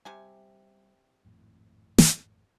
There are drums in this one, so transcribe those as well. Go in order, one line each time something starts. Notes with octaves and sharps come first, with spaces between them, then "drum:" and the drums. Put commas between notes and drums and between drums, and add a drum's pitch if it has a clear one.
C3 G3 G4 G#5
G#1 F2 A2
drum: snare